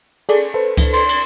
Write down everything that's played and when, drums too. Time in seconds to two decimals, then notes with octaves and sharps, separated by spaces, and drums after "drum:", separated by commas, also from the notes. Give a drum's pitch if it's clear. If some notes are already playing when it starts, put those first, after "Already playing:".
0.29 G#4 A4 D5, drum: cymbal
0.54 A4 B4 C5
0.77 drum: kick C#2, cymbal
0.93 C6, drum: cymbal
1.09 drum: cymbal